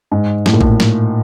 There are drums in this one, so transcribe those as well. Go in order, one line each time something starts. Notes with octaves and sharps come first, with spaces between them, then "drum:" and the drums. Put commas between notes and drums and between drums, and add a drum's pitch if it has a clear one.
G#2
A2, drum: snare
A#2
A2, drum: kick
drum: snare